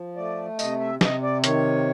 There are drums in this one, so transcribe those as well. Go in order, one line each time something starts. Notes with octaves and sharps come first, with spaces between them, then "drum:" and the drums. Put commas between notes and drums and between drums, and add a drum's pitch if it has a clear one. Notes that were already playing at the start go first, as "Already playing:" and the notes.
Already playing: F3
A3 D5
C3 D#5, drum: tambourine
E5
C3 D#5, drum: snare
D5
D#3 C#5, drum: hi-hat